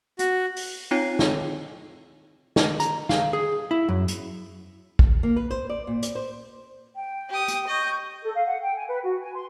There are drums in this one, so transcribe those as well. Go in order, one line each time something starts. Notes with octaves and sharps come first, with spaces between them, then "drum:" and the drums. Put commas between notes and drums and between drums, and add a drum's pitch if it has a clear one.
F#4, drum: hi-hat
drum: open hi-hat
C4 D#4 F4 C#5 G5 C7
drum: snare
drum: snare
A#5, drum: hi-hat
F5, drum: snare
G#4
E4
F#2
drum: hi-hat
drum: kick
A#3
B4
C5
D5
A#2
D5, drum: hi-hat
C5
G5
G4 D#6
drum: hi-hat
D#5 C#6 G6
A4
F5
F#5
G5
G#5
B4
F#4
G#5
C6